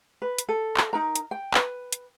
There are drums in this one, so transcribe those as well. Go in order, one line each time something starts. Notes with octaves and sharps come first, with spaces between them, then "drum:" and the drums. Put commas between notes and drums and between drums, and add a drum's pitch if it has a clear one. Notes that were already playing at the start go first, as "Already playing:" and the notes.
B4
drum: hi-hat
A4
drum: clap
D#4 A#4 A#5
drum: hi-hat
G5
B4, drum: clap
drum: hi-hat